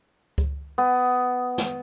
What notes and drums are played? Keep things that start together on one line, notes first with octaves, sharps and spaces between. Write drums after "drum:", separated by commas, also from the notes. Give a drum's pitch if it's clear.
drum: kick C#2
B3
drum: snare